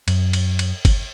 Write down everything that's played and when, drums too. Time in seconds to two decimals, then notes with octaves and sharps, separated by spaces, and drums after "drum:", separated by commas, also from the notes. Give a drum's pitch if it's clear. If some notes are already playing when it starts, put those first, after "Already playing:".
0.08 F#2, drum: cymbal
0.33 drum: cymbal
0.59 drum: cymbal
0.85 drum: kick G1, cymbal